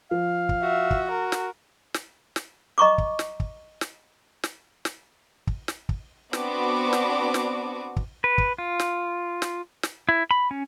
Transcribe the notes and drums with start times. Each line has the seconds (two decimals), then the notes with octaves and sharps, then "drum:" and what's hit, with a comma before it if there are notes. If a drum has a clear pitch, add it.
0.11 F3 F5
0.49 drum: kick
0.63 F#4 E5
0.91 drum: kick
1.11 A#4
1.32 drum: snare
1.94 drum: snare
2.36 drum: snare
2.78 D#5 A#5 C#6 D6
2.98 drum: kick
3.19 drum: snare
3.40 drum: kick
3.81 drum: snare
4.44 drum: snare
4.85 drum: snare
5.47 drum: kick
5.68 drum: snare
5.89 drum: kick
6.33 B3 C4 D4 F#4 D6, drum: snare
6.93 drum: snare
7.34 drum: snare
7.96 drum: kick
8.24 B4
8.38 drum: kick
8.58 F4
8.80 drum: snare
9.42 drum: snare
9.83 drum: snare
10.09 E4
10.31 B5
10.51 C#4